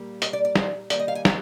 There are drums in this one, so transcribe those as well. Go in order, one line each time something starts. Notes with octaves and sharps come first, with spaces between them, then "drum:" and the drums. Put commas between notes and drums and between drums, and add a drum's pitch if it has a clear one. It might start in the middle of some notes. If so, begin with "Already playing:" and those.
Already playing: A#2 G3 A#3
D#5, drum: hi-hat
D5
D5
C5, drum: snare
D#3 G3 A#3 D5, drum: hi-hat
D#5
F5
G#5
A#5, drum: snare